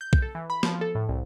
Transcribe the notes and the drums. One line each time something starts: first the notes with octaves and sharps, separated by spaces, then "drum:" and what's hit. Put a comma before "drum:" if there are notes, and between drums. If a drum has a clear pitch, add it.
G6
drum: kick
A4
E3
B5
F3, drum: snare
A4
A2
C2